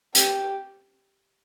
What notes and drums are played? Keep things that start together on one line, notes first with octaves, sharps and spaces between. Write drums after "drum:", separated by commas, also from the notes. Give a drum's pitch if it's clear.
G4, drum: hi-hat